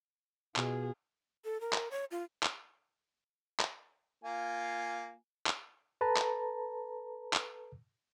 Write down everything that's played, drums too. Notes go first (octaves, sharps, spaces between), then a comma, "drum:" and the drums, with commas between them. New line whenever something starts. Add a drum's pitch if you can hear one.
B2 F4 G#4, drum: clap
A4
A#4
drum: clap
C#5
F4
drum: clap
drum: clap
A#3 F4 G#5
drum: clap
A4 B4 A5 A#5
drum: clap
drum: clap